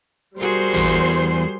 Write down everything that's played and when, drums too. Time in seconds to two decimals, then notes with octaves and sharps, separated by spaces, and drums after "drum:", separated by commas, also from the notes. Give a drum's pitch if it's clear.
0.38 G3 F#4 G#4 A#4 C5 C6
0.74 E2, drum: tom